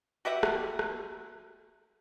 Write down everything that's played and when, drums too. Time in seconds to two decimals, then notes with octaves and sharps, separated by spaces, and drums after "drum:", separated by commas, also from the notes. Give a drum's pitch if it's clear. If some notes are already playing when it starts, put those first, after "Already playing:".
0.25 F#4 G4 E5 F#5
0.43 drum: rim click
0.79 drum: rim click